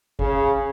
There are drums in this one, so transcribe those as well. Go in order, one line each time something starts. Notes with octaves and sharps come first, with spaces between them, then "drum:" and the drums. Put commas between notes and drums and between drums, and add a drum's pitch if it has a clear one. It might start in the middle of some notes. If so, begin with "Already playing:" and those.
C#3, drum: kick